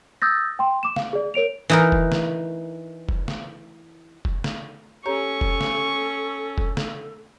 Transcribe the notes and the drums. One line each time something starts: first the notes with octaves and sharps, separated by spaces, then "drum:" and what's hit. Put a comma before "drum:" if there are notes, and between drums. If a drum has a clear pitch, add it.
D#6 E6 G6 A6 A#6
G5 C6
D6 E7
F5, drum: snare
G#4 D5
A#4 C#5 D7 F7
E3 D#4 A#4
drum: kick F1
drum: snare
drum: kick F1
drum: snare
drum: kick F1
drum: snare
C#4 G4 A4 C#5 A#5 C#6
drum: kick F1
drum: snare
drum: kick F1
drum: snare